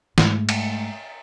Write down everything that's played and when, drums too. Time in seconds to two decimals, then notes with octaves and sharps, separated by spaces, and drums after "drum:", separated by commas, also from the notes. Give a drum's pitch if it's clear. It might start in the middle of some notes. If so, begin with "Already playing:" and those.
0.18 G#2 A3, drum: snare
0.49 drum: cymbal